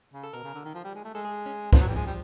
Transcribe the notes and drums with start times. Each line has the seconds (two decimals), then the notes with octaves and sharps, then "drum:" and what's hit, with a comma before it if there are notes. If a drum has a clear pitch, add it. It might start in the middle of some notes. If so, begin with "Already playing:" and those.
0.13 C#3
0.23 A4
0.33 B2 A#4
0.44 C#3
0.54 D3
0.65 D#3
0.74 F3
0.84 G3
0.95 G#3
1.04 A3
1.14 G#3 A4
1.25 G#4
1.46 C#4
1.73 F3, drum: kick
1.76 B3
1.81 F#3
1.87 E3 G3
1.96 F3 G#3
2.06 G3